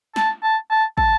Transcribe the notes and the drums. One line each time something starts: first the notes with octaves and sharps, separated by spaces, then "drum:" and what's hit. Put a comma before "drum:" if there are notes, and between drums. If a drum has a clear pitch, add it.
A5, drum: snare
A5
A5
A5, drum: kick